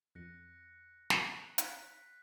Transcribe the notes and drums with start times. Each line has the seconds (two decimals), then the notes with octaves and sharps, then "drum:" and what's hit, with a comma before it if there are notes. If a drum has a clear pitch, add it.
0.15 F2 F#6 A#6 C#7
1.10 F#5 A6, drum: snare
1.58 F#6 B6, drum: hi-hat